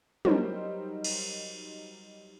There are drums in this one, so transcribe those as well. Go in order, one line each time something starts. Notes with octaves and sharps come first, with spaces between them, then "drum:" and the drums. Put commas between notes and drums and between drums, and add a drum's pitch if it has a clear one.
F#3 G3 D#4 A#4 C5, drum: tom
drum: cymbal